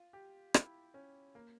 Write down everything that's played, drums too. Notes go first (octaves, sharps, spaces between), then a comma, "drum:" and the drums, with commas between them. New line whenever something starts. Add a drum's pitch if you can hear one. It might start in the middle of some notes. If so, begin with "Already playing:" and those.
Already playing: F4
G4
E4, drum: rim click
C#4
A#3